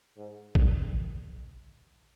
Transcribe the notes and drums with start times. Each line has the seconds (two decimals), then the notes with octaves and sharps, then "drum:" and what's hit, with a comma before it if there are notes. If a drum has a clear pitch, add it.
0.17 G#2
0.55 G3, drum: kick